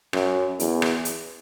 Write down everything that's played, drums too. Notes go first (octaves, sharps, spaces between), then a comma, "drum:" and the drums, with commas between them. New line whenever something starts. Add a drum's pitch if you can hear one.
F#2, drum: rim click
E2, drum: hi-hat
drum: rim click
drum: hi-hat